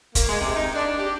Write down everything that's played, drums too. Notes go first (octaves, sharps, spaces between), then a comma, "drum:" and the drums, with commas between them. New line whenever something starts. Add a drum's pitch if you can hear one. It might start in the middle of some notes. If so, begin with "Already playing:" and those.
A#3, drum: kick, hi-hat
G#3
C3
D#4
D4
G4